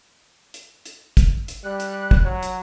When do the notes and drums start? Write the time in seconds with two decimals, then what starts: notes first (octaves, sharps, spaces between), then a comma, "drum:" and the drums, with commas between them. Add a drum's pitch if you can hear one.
0.54 drum: hi-hat
0.86 drum: hi-hat
1.17 drum: kick, hi-hat
1.48 drum: hi-hat
1.64 G3 F#6
1.80 drum: hi-hat
2.11 drum: kick
2.24 F#3 C#5
2.43 drum: hi-hat